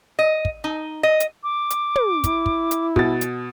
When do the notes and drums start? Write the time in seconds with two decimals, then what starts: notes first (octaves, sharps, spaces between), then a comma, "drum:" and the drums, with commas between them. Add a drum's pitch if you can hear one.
0.19 D#5
0.45 drum: kick
0.64 D#4
1.03 D#5
1.20 drum: hi-hat
1.43 D6
1.70 drum: hi-hat
1.96 drum: tom
2.24 E4, drum: kick, hi-hat
2.46 drum: kick
2.71 drum: hi-hat
2.96 B2 A6, drum: kick
3.21 drum: hi-hat